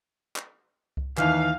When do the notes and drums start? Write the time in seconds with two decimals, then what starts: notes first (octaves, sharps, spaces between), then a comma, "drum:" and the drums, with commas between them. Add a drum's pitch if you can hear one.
0.36 drum: clap
0.97 drum: kick C2
1.17 D#2 D#3 E3 F5, drum: clap